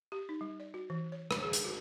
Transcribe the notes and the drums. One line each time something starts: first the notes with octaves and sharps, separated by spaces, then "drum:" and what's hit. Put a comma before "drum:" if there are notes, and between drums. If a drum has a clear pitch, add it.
G4
D#4
G3
D5
F#4
E3
C#5
B5, drum: rim click
G#4
drum: hi-hat
F#4